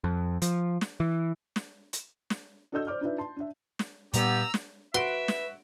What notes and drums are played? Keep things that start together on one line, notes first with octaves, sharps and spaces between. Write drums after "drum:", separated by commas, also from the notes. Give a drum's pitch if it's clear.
F2
F3, drum: hi-hat
drum: snare
E3
drum: snare
drum: hi-hat
drum: snare
D4 F#4 A4 D#5 E6 G6
C5 D5 D6 F6
D4 D#4 F4 B4 D5 E5
A5 C6
D4 E5
drum: snare
G2 A#2 G3 B3 G4 A#5 E6, drum: hi-hat
drum: snare
F#4 B4 E5 C6 D7
drum: snare